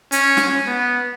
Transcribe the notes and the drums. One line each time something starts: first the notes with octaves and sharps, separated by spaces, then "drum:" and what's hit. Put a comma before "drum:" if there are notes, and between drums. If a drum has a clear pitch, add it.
C#4, drum: hi-hat
drum: snare
B3